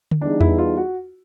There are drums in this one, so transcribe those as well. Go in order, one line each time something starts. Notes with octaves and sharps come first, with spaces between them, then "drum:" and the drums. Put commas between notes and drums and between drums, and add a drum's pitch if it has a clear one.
drum: tom D3
E3 G3 B3 D4 D#4 G#4
E4, drum: tom E2
F4
F#4